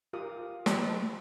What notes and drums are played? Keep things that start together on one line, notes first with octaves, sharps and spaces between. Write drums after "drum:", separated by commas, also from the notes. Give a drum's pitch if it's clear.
F4 G4 A#4 F5 D6 D#6
D#5 B5, drum: snare